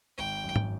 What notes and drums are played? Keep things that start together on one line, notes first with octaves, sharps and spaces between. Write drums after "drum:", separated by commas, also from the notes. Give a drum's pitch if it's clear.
G#1 G5
F#2
drum: tom G#2